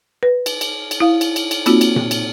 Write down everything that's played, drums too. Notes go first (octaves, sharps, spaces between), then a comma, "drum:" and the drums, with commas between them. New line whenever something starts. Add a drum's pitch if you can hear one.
B4
drum: cymbal
drum: cymbal
drum: cymbal
E4 F5
drum: cymbal
drum: cymbal
drum: cymbal
A#3 C4 D#4 F4 F#4, drum: cymbal
drum: cymbal
drum: tom A#2
drum: cymbal